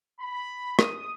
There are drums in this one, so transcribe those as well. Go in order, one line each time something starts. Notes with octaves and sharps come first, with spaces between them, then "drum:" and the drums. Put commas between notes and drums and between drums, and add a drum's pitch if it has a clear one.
B5
D#6, drum: rim click